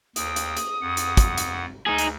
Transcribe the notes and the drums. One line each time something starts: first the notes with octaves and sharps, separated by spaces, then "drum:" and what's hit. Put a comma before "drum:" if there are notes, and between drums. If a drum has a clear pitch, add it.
D#2 G5 D#6, drum: hi-hat
drum: hi-hat
drum: hi-hat
F2 F#5
drum: hi-hat
drum: kick, hi-hat
drum: hi-hat
D2 D#4 G#4
drum: hi-hat